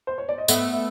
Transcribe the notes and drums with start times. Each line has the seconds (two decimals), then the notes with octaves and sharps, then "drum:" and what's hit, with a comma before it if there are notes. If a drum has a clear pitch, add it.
0.07 C5
0.18 C#5
0.29 D5
0.38 D#5
0.48 A3 B3 E5, drum: tambourine
0.73 E5